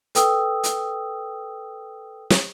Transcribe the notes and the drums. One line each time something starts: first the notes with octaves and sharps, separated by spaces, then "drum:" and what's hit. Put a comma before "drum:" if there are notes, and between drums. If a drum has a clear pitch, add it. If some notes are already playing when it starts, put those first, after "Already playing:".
A4 B4 G5 D#6 E6, drum: hi-hat
drum: hi-hat
drum: snare